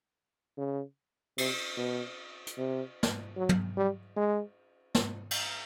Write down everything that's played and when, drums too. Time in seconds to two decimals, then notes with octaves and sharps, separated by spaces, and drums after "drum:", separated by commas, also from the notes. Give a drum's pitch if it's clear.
0.58 C#3
1.38 C3, drum: cymbal
1.78 B2
2.47 drum: hi-hat
2.58 C3
3.03 drum: snare
3.37 F#3
3.49 drum: tom
3.77 G3
4.17 G#3
4.95 drum: snare
5.31 drum: cymbal